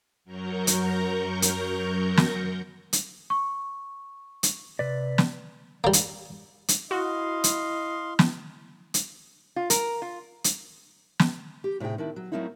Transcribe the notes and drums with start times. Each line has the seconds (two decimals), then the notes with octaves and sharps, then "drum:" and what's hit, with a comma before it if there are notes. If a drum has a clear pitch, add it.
0.24 F#2 F#3 A#4 A#5 C#6 G6
0.67 drum: hi-hat
1.42 drum: hi-hat
2.17 drum: snare
2.93 drum: hi-hat
3.30 C#6
4.43 drum: hi-hat
4.79 C3 B4 D5
5.18 drum: snare
5.84 G3 A#3
5.93 drum: hi-hat
6.68 drum: hi-hat
6.91 E4 F#4 D#5 F5 C6
7.44 drum: hi-hat
8.19 drum: snare
8.94 drum: hi-hat
9.56 F4
9.70 A#4, drum: hi-hat
10.02 F4
10.44 drum: hi-hat
11.19 drum: snare
11.64 G4
11.80 A2 C3 D4 D#4 G#4 G5
11.98 D#3 D4 E4
12.16 F#3
12.32 F#3 A3 A#3 C4 D#4 E4